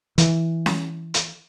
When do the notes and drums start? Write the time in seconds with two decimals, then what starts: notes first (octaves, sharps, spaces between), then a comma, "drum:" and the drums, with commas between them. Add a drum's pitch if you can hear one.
0.18 E3, drum: hi-hat
0.66 drum: snare C#4
1.14 drum: hi-hat